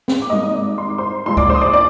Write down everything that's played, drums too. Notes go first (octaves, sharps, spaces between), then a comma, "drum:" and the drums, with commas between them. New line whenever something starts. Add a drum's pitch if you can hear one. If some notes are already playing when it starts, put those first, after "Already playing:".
drum: snare
D6
G#1 G#2 G3 A#3 D#5 D#6
D5 D6
C6
D6
C5 C6
A#1 A#2 G#3 C6
D5 D6, drum: kick C#2
C5 C6
D#6
D5 D6
D5 D6